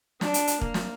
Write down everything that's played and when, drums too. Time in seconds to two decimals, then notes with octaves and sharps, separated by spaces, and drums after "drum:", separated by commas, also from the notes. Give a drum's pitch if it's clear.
0.21 D4, drum: snare
0.34 drum: hi-hat
0.47 drum: hi-hat
0.61 A#3, drum: kick
0.74 drum: snare